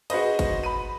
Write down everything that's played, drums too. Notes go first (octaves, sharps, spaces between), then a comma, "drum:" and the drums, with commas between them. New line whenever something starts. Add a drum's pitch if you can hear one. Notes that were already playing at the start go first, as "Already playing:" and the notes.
F#4 G#4 B4 C5 D#5, drum: cymbal
drum: kick G1, cymbal
B5 D#7